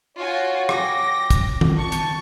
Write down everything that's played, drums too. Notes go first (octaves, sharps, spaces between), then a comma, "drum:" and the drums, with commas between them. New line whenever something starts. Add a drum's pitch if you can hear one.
F4 F#4 C#5 G#5
G5 D6 A#6, drum: rim click
drum: kick, hi-hat
drum: tom D#3
A5 C#6
drum: hi-hat